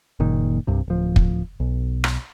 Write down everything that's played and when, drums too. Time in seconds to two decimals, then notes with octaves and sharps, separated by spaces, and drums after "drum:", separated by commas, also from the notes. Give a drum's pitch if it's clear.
0.20 F#1 A#2 D#3
0.67 C2 G2 C3
0.88 D1 F3
1.16 drum: kick
1.60 B1
2.04 drum: rim click